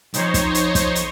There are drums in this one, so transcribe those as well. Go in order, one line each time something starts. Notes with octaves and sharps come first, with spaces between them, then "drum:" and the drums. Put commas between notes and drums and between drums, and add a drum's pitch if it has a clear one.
B1 F2 D#4 C5 C#5, drum: hi-hat
drum: kick, hi-hat
drum: hi-hat
drum: kick, hi-hat
drum: hi-hat